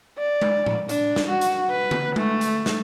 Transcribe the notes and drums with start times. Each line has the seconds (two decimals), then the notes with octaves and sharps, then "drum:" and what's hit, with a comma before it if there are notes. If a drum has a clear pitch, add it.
0.18 D5
0.42 drum: tom G#3
0.66 drum: tom
0.89 D4, drum: hi-hat
1.16 drum: snare
1.27 F#4
1.41 drum: hi-hat
1.70 B4
1.91 drum: tom D3
2.16 A3, drum: tom G#3
2.41 drum: hi-hat
2.66 drum: snare